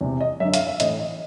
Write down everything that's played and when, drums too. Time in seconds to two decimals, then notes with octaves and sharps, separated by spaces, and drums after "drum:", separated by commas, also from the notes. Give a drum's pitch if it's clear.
0.01 E2 C3 E3
0.21 D#5
0.40 F#2 D3 E5
0.54 F5, drum: hi-hat
0.67 E5
0.80 A2 E3 D#5, drum: hi-hat
1.00 D#5